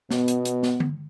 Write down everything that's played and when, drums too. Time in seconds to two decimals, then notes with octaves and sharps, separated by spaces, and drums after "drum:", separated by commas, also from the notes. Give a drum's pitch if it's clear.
0.11 B2 B3, drum: snare
0.28 drum: hi-hat
0.45 drum: hi-hat
0.63 drum: snare
0.80 drum: tom D3